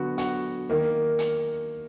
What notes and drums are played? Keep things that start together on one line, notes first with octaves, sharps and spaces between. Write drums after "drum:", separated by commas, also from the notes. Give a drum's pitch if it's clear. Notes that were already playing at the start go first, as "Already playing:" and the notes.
Already playing: D3 F#3 B3 F#4
F#4, drum: hi-hat
D#3 A#3
drum: hi-hat